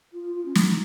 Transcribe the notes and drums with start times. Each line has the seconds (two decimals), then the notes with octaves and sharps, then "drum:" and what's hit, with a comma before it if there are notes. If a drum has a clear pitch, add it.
0.12 F4
0.34 F4
0.45 C#4
0.55 D#4, drum: snare